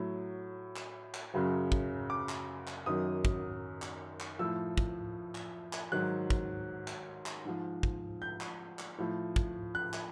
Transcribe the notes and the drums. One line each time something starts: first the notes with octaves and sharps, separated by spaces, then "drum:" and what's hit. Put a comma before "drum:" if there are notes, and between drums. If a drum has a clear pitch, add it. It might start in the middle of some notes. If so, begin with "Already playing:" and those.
Already playing: A2 F#3
drum: clap
drum: clap
F#2 C#3 F#3
drum: kick
D6
drum: clap
drum: clap
F#2 D#3 F#3 D#6
drum: kick
drum: clap
drum: clap
A2 F3 E6
drum: kick
drum: clap
drum: clap
G#2 D#3 F#3 F#6
drum: kick
drum: clap
drum: clap
G#2 F3
drum: kick
G6
drum: clap
drum: clap
A2 F3
drum: kick
F#6
drum: clap